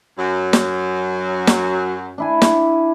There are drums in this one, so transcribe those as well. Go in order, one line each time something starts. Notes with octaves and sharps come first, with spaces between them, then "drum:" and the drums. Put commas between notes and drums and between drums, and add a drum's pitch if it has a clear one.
F#2 F#3
drum: snare
drum: snare
D4 E4 G#5
drum: snare